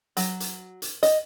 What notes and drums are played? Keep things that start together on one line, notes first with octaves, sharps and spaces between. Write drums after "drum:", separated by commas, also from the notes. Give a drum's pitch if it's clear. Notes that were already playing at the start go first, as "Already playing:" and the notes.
F#3, drum: hi-hat
drum: hi-hat
drum: hi-hat
D#5, drum: hi-hat